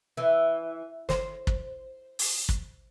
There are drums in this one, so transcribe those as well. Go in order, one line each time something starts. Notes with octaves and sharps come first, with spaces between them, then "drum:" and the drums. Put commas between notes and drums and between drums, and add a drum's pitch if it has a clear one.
E3
C5, drum: snare
drum: kick
drum: open hi-hat
drum: kick